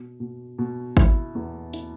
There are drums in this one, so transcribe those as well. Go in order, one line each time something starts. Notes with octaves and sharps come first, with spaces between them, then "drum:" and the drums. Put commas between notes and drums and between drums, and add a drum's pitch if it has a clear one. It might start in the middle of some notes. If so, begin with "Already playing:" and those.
Already playing: B2
B2
B2
E4, drum: kick G#1
E2
E4, drum: hi-hat